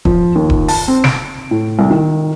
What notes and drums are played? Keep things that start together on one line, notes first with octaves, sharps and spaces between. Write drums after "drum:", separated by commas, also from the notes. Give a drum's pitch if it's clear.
F3, drum: kick D#1
D#2
drum: kick D#1
A5, drum: open hi-hat
C4
D7, drum: snare
A2
C2
D#3